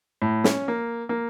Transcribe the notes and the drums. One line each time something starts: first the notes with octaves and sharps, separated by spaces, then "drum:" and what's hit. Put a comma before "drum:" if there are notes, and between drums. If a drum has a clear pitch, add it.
A2
C#4, drum: snare
A#3
A#3